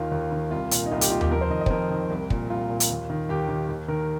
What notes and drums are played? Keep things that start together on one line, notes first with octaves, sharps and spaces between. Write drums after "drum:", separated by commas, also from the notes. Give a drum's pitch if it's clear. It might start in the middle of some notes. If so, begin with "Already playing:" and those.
Already playing: D#2 D#3 F4
D#2
D#3
C2 F4
A#2, drum: hi-hat
D#4
C2 F4
G4, drum: hi-hat
A#2 F4
G4, drum: tom D#2
F2 A#4
C5
D#3 D#5
D#5
C5, drum: kick
F2 A#4
D#3
C2
A#2, drum: kick
C2 F4
A#2
drum: hi-hat
D#2
D#3
D#2 G4
D#3
D#2
D#3 A#4